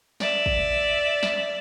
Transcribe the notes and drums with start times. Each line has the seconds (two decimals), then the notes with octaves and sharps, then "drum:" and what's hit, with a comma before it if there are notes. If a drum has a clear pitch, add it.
0.20 D5 E5, drum: snare
0.46 drum: kick
1.23 drum: snare